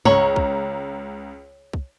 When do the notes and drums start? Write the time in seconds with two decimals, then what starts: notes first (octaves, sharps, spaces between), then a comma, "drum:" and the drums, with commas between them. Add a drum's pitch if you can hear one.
0.05 C#2 C#5 A#5 F#7, drum: tom G2
0.36 drum: kick
1.73 drum: kick